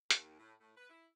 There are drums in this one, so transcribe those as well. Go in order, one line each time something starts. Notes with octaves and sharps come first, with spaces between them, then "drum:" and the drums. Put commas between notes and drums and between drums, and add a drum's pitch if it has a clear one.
D#2, drum: hi-hat
A2
A2
B4
E4